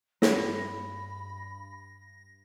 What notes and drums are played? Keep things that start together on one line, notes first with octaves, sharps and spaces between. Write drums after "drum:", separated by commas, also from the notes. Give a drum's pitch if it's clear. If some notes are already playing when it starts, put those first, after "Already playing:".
G2 B5 A#6, drum: snare